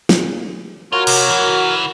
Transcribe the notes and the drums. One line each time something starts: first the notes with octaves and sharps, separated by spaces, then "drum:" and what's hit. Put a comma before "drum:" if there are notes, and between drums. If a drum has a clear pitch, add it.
drum: snare
F4 F#4 A#4 C#5
C3, drum: cymbal
E3 F#3